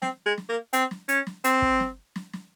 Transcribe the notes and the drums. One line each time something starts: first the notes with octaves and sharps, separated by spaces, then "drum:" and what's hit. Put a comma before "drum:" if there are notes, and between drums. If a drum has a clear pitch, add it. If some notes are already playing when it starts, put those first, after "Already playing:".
C4, drum: snare
G#3
drum: snare
A#3
C4, drum: hi-hat
drum: snare
C#4, drum: hi-hat
drum: snare
C4, drum: hi-hat
drum: kick
drum: snare
drum: snare
drum: snare